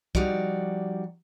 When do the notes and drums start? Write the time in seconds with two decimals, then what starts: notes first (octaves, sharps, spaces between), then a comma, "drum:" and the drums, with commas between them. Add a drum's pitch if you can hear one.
0.15 F3 G3 D#4 F#4 D5, drum: kick